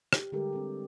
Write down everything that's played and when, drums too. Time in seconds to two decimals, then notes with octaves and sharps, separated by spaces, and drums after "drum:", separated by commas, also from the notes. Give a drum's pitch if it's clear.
0.13 G4, drum: rim click
0.32 D3 G3 G#3 G4 A4 A#4
0.53 C4 A4